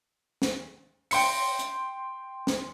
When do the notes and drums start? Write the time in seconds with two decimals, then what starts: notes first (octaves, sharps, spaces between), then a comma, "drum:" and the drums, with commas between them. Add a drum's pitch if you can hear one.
0.42 drum: snare
1.11 G5 C6 C#7, drum: open hi-hat
1.59 drum: hi-hat
2.47 drum: snare